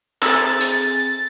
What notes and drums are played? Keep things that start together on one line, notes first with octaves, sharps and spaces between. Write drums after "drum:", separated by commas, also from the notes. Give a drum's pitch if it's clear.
C4 G#4 A4 A#5 E6 A6, drum: clap
drum: hi-hat